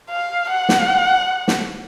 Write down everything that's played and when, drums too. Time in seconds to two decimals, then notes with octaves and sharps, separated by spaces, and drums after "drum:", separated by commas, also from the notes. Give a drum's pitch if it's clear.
0.10 F5
0.49 F#5
0.69 drum: snare
1.48 drum: snare